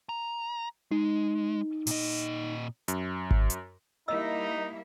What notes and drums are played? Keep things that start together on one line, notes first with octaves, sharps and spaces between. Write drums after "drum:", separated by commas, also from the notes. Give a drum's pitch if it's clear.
A#5
G#3 D#4
A#2 D#5, drum: open hi-hat
F#2, drum: hi-hat
drum: kick G#1
drum: hi-hat
G3 A#3 D#4 E4 D#5 E6